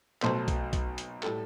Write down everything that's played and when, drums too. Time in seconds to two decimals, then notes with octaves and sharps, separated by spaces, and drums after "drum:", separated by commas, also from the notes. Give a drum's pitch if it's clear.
0.22 B1 B2 F#3 A3 C5, drum: clap
0.48 drum: kick B1, hi-hat
0.73 drum: kick B1, hi-hat
0.98 drum: hi-hat
1.23 A2 G3 A4, drum: clap